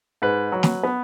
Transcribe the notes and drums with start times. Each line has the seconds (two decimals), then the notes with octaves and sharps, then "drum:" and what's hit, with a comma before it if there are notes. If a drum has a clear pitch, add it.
0.22 G#2 B4
0.52 F#3
0.63 drum: snare
0.83 B3